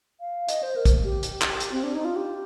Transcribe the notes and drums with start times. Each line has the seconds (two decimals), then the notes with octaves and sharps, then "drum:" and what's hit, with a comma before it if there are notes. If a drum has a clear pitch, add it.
0.20 F5
0.49 D#5, drum: hi-hat
0.63 C5
0.76 A#4
0.85 drum: kick, hi-hat
1.04 G4
1.23 drum: hi-hat
1.42 drum: clap
1.60 drum: hi-hat
1.72 C4
1.83 D4
1.95 D#4
2.05 F4
2.16 G4